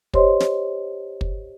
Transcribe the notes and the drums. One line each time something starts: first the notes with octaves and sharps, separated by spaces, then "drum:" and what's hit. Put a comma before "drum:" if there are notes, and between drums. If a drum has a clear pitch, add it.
G4 C5 C#5 D#5 C6, drum: kick
drum: snare
drum: kick